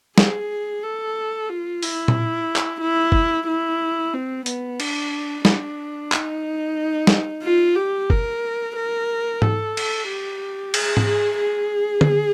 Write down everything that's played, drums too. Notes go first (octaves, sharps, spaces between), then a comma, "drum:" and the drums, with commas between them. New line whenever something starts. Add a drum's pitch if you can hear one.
G#4, drum: snare
A4
F4
E4, drum: open hi-hat
drum: tom A#2
drum: clap
E4
drum: kick F#1
E4
C4
B3, drum: hi-hat
D4, drum: cymbal
D4, drum: snare
D#4, drum: clap
drum: snare
F4
G4
A#4, drum: kick F#1
A#4
A4, drum: tom G#2
drum: cymbal
G4
G#4, drum: cymbal
drum: tom G#2
G#4
G#4
drum: tom D3